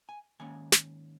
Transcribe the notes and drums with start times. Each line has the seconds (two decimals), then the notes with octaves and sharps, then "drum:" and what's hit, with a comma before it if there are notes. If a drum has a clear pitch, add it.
0.09 G#5
0.40 G#2 D#3 A#3 C#4 G#5
0.72 drum: snare